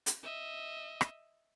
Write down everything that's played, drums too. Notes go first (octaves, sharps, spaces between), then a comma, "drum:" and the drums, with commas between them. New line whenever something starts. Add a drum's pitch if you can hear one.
drum: hi-hat
D#5 E5
drum: rim click